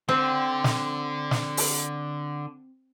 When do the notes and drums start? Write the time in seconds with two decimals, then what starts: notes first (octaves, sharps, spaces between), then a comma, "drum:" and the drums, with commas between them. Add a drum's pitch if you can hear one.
0.09 D3 C4
0.64 drum: snare
1.31 drum: snare
1.57 drum: open hi-hat